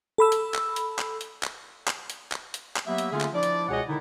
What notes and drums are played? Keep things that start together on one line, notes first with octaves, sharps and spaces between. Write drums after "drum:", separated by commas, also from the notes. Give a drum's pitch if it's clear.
A4 B5 E6
drum: hi-hat
drum: clap
drum: hi-hat
drum: clap
drum: hi-hat
drum: clap
drum: clap
drum: hi-hat
drum: clap
drum: hi-hat
drum: clap
F#3 A#3 B3 G4 E5
drum: hi-hat
D3 A3 A#3 C#4 F4 G#4
drum: clap
F3 D4 E4 D5
drum: hi-hat
C#2 B2 G#4 C#5 D#5 F#5
D3 D#3 D#4 E4